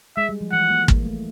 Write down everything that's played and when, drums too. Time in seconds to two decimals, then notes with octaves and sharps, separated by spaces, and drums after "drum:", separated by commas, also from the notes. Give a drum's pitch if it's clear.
0.17 G#3 E5
0.29 G3
0.41 F3
0.52 E3 F#5
0.70 A#3
0.88 A#3, drum: kick
1.06 A3